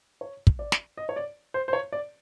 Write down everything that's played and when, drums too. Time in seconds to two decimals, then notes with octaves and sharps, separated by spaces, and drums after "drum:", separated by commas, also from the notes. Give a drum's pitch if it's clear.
0.21 C#5
0.47 drum: kick
0.59 D5
0.72 drum: snare
0.97 D#5
1.09 C#5
1.16 D5
1.54 C5
1.68 C5
1.73 C#5
1.92 D5